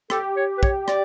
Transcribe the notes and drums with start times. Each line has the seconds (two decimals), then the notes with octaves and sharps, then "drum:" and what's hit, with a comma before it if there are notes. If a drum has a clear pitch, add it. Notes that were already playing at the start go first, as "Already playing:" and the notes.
0.10 G4 A4, drum: rim click
0.36 C#5
0.58 B4
0.63 C#5, drum: kick
0.88 D5, drum: rim click